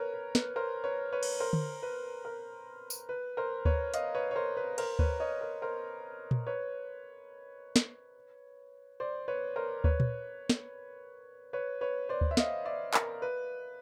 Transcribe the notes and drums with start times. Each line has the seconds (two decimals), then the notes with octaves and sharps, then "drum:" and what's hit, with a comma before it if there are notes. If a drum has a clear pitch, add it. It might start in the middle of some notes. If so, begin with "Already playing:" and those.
Already playing: A#4 B4 C#5
0.14 B4
0.35 B4, drum: snare
0.56 A#4 C5
0.84 B4 C#5
1.12 B4 C#5
1.23 drum: cymbal
1.40 A#4 C5
1.53 drum: tom D3
1.83 B4
2.25 A#4
2.90 drum: tambourine
3.09 B4
3.37 A#4 C5
3.65 B4 C#5, drum: kick D2
3.94 D#5 F5, drum: hi-hat
4.15 B4 C#5
4.31 C#5
4.36 A#4 C5
4.57 B4
4.78 A#4 C5, drum: cymbal
4.99 B4 C#5, drum: kick D2
5.20 C#5 D#5
5.41 A#4
5.62 A#4 C5
6.31 drum: tom A#2
6.47 B4 C#5
7.76 drum: snare
9.00 C5 D5
9.28 B4 C#5
9.56 A#4 C5
9.84 B4 C#5, drum: kick D2
10.00 drum: tom A#2
10.50 drum: snare
11.53 B4 C#5
11.81 B4 C#5
12.09 C5 D5
12.21 drum: kick D2
12.31 E5
12.37 D#5 F5, drum: snare
12.65 D5 E5
12.94 A#4, drum: clap
13.22 B4